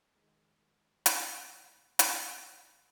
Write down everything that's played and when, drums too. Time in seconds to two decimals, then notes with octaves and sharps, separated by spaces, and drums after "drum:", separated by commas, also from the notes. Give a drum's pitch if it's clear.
0.15 D#3 G#3 A#4
1.06 drum: hi-hat
1.99 drum: hi-hat